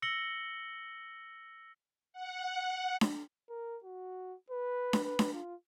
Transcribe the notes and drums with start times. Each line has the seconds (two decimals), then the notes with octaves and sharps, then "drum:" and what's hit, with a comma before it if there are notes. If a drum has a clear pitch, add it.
0.02 E6 A#6 C#7 F#7 G7
2.13 F#5
3.01 drum: snare D4
3.50 A#4
3.84 F#4
4.50 B4
4.93 drum: snare D4
5.04 B4
5.19 drum: snare D4
5.33 F4